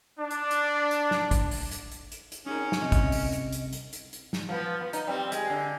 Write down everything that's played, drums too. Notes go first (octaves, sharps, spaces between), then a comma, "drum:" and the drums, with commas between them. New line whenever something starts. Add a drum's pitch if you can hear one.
D4
drum: hi-hat
drum: hi-hat
drum: hi-hat
drum: snare
drum: kick, hi-hat
drum: open hi-hat
drum: hi-hat
drum: hi-hat
drum: hi-hat
drum: hi-hat
C#4 D#4 G#4 A#4
drum: snare
C2 C3 D#5
drum: kick, hi-hat
drum: open hi-hat
drum: hi-hat
drum: hi-hat
drum: hi-hat
drum: hi-hat
drum: hi-hat
drum: snare
F3 B3
B3
D#4, drum: hi-hat
G3 C4
G#3, drum: hi-hat
D3